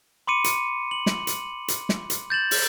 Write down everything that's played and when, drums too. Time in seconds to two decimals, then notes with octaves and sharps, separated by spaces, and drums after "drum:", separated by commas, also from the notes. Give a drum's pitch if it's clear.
0.27 B5 C6 D6 C#7 D#7
0.44 drum: hi-hat
0.91 F#7
1.06 drum: snare
1.27 drum: hi-hat
1.68 drum: hi-hat
1.89 drum: snare
2.10 drum: hi-hat
2.30 G6 A6 E7 F#7
2.51 drum: open hi-hat